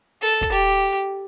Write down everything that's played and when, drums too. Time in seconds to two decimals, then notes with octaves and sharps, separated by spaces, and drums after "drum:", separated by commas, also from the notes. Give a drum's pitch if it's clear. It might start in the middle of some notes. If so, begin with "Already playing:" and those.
0.22 A4
0.41 drum: kick
0.52 G4